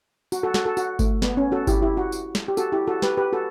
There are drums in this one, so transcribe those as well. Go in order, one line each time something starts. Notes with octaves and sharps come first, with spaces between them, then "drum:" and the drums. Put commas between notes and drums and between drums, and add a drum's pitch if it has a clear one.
F#4, drum: tambourine
F#4 A4
F#4 A4, drum: snare
F#4 A4
F#4, drum: tambourine
A3, drum: kick G1, tambourine
B3, drum: snare
C#4
F#4 A4
E4 G4, drum: kick G1, tambourine
E4 G4
F#4
drum: tambourine
drum: snare
G4
F#4 A4, drum: tambourine
E4 G4
F#4 A4
G4 B4, drum: snare
G4 B4
F#4 A4